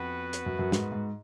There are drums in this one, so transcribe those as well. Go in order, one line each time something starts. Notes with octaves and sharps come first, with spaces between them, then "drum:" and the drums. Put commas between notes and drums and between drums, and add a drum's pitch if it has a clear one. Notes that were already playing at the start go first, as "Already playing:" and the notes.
Already playing: F2 B3 F#4 B4
drum: hi-hat
F#2
F#2
G#2, drum: snare
G#2